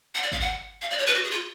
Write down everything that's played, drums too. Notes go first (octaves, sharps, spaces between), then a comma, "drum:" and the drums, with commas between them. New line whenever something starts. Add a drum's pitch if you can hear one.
F#5
D5
F5, drum: kick
F#5
F5
D5
C#5
B4
F#4
G#4
F4